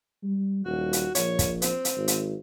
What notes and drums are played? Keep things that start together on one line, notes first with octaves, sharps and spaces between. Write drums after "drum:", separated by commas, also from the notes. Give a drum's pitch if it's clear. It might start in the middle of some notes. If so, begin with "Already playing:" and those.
G3
D#1 F#4
drum: hi-hat
A#1 C#5, drum: hi-hat
drum: kick, hi-hat
C4, drum: hi-hat
drum: hi-hat
G#1
drum: hi-hat